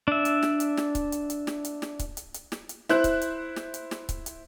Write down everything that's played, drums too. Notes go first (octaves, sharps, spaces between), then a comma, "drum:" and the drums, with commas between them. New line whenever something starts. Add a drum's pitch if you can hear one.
D4 E5
drum: hi-hat
drum: snare
drum: hi-hat
drum: snare
drum: kick C#1, hi-hat
drum: hi-hat
drum: hi-hat
drum: snare
drum: hi-hat
drum: snare
drum: kick C#1, hi-hat
drum: hi-hat
drum: hi-hat
drum: snare
drum: hi-hat
E4 C5 F#6, drum: snare
drum: kick C#1, hi-hat
drum: hi-hat
drum: snare
drum: hi-hat
drum: snare
drum: kick C#1, hi-hat
drum: hi-hat